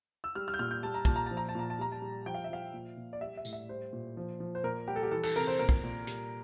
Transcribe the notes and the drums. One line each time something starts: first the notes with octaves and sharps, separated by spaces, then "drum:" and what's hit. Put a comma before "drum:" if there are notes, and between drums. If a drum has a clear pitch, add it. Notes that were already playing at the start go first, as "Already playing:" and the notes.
E6
G3 F6
F6
G6
A#2 F6
G6
G3 A5
A#5
A#2 A5, drum: kick
A#5
F3 A5
A#5
A5
A#2 A#5
A5
G3 A#5
A5
G3
F3 G5
F5
E5
F3 F5
A#2
A#2
D5
G3 E5
E5
A2, drum: tambourine
E5
G3 C5
A#2
F3
F3
C5
A#2 A#4
G3 G4
A4
G4
E3 A4
A4, drum: cymbal
C3 A#4
C5
A#2 A#4
drum: kick
A#2
G3, drum: hi-hat